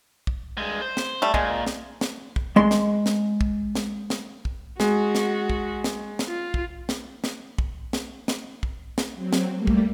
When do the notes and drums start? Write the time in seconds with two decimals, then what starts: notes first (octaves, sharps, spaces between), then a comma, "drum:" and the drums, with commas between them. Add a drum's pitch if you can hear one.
0.27 drum: kick
0.58 G2 G#3
0.82 C5
0.97 drum: snare
1.22 G3 A3
1.34 A#2 G#3, drum: kick
1.67 drum: snare
2.01 drum: snare
2.36 drum: kick
2.56 G#3 C6
2.71 drum: snare
3.06 drum: snare
3.41 drum: kick
3.75 drum: snare
4.10 drum: snare
4.45 drum: kick
4.80 G#3 F#4, drum: snare
5.15 drum: snare
5.50 drum: kick
5.84 drum: snare
6.19 drum: snare
6.28 F4
6.54 drum: kick
6.89 drum: snare
7.24 drum: snare
7.58 drum: kick
7.93 drum: snare
8.28 drum: snare
8.63 drum: kick
8.98 drum: snare
9.15 F#3 C4
9.33 drum: snare
9.54 G3 A3 A#3
9.67 drum: kick